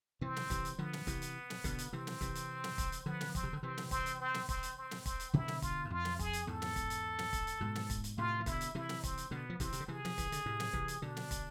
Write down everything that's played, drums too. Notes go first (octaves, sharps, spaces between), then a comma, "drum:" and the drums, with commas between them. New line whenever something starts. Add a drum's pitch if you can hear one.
C3 E3 C4
drum: snare
C3 E3, drum: kick, hi-hat
drum: hi-hat
D3 F3 B3
drum: snare
C3 E3, drum: kick, hi-hat
drum: hi-hat
drum: snare
B2 D3, drum: kick, hi-hat
drum: hi-hat
C3 E3 C4
drum: snare
C3 E3, drum: kick, hi-hat
drum: hi-hat
drum: snare
drum: kick, hi-hat
drum: hi-hat
D3 F3 B3
drum: snare
C4, drum: kick, hi-hat
C3
D3
C3 E3 C4
drum: snare
C4, drum: kick, hi-hat
drum: hi-hat
C4
drum: snare
C4, drum: kick, hi-hat
drum: hi-hat
C4
drum: snare
C4, drum: kick, hi-hat
drum: hi-hat
B2 D3 E4
drum: snare
F4, drum: kick, hi-hat
G#2
F2 F4
drum: snare
G#4, drum: kick, hi-hat
drum: hi-hat
E2 G#2 A4
drum: snare
drum: kick, hi-hat
drum: hi-hat
drum: snare
drum: kick, hi-hat
drum: hi-hat
G#2 B2
drum: snare
drum: kick, hi-hat
drum: hi-hat
A2 C3 F4
E3
B2 D3 E4, drum: kick, hi-hat
drum: hi-hat
C3 E3 E4
drum: snare
C4, drum: kick, hi-hat
drum: hi-hat
B2 D3 B3
F3
C3 E3 C4, drum: kick, hi-hat
C3, drum: hi-hat
D3
C3 E3 G#4
F3, drum: snare
E3, drum: kick, hi-hat
D3, drum: hi-hat
A2 C3
drum: snare
C3 E3, drum: kick
drum: hi-hat
B2 D3 D4
drum: snare
drum: kick, hi-hat